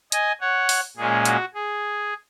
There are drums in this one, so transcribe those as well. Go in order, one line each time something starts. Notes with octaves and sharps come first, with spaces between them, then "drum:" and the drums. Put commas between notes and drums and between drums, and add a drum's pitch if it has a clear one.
D#5 G#5, drum: hi-hat
C#5 F#5
drum: open hi-hat
A#2 G#3 C#4 G#4
F#4, drum: hi-hat
G#4